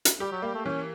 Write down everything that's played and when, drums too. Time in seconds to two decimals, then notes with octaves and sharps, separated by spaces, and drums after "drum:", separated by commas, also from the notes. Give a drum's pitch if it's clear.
0.05 drum: hi-hat
0.20 G3 G4
0.32 F#3
0.42 G3 A#3
0.54 A3
0.65 E3 C#4